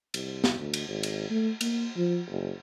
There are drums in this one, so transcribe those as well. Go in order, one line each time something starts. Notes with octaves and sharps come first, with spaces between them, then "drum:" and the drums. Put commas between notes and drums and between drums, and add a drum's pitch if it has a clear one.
C2, drum: cymbal
drum: snare
D2
drum: cymbal
G#1
drum: cymbal
A3
A#3, drum: cymbal
F3
F#1